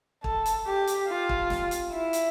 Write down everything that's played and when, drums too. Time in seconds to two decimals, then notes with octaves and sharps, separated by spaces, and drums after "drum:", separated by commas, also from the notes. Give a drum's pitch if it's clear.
0.24 A4, drum: kick
0.46 drum: hi-hat
0.66 G4
0.87 drum: hi-hat
1.08 F4
1.29 drum: kick
1.50 drum: snare
1.71 drum: hi-hat
1.92 E4
2.13 drum: hi-hat